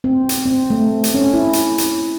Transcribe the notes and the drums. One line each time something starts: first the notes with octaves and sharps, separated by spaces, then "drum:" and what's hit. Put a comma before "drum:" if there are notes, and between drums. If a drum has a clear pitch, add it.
C4
drum: hi-hat
C4
A3
drum: hi-hat
C#4
E4
drum: hi-hat
drum: hi-hat